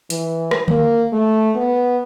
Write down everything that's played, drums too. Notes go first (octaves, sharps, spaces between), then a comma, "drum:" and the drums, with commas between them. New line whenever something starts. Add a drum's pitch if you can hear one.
E3, drum: hi-hat
drum: rim click
A#3, drum: tom D3
A3
B3